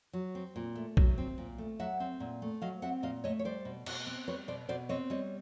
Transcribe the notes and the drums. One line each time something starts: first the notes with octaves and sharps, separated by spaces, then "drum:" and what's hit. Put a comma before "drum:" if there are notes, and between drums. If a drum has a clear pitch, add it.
F#3
C4
A#2
A3
F#3, drum: kick A#1
C4
A#2
A3
F#3 E5 F#5
C4
A#2
A3
F#3 D#5 F5
C4 E5 F#5
A#2 D#5 F5
A3 C#5 D#5
C#5
G3 C5 D5
B2
B2, drum: cymbal
C4
G3 B4 C#5
B2 C5 D5
B2 C5 D5
C4 C#5 D#5
G3 C#5 D#5